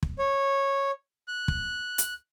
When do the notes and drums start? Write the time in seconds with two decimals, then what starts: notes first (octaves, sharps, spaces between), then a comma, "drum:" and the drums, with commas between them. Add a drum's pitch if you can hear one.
0.03 drum: kick
0.19 C#5
1.28 F#6
1.48 drum: kick
1.98 drum: hi-hat